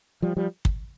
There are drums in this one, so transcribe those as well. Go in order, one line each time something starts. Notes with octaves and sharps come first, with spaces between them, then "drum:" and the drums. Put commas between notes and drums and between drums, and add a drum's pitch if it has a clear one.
F3 G3
F3 G3
drum: kick